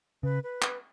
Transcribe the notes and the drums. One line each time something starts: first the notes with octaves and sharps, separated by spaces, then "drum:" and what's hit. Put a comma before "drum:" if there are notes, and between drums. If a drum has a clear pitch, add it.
C#3 B4
B4
drum: clap